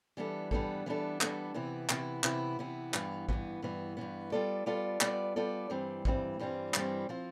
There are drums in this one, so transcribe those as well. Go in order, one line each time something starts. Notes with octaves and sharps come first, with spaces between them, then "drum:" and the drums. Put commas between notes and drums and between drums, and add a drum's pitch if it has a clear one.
E3 G3 B3 D4 A4
E3 G3 B3 D4 A4, drum: kick
E3 G3 B3 D4 A4
E3 G3 B3 D4 A4, drum: clap
C3 E3 B3 E4
C3 E3 B3 E4, drum: clap
C3 E3 B3 E4, drum: clap
C3 E3 B3 E4
G2 E3 B3, drum: clap
G2 E3 B3, drum: kick
G2 E3 B3
G2 E3 B3
G3 B3 F4 A4 D5
G3 B3 F4 A4 D5
G3 B3 F4 A4 D5, drum: clap
G3 B3 F4 A4 D5
G2 E3 G3 C4
G2 E3 G3 C4, drum: kick
G2 E3 G3 C4
G2 E3 G3 C4, drum: clap
F3 C4 F4